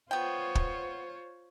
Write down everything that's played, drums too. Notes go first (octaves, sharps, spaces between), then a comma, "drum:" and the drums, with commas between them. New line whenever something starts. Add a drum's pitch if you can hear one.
B3 F4 C5 C#5 G5
drum: kick